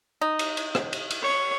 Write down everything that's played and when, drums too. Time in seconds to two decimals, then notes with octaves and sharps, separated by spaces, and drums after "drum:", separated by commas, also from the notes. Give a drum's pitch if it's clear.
0.21 D#4
0.39 drum: cymbal
0.57 drum: cymbal
0.75 drum: rim click
0.93 drum: cymbal
1.11 drum: cymbal
1.23 C#5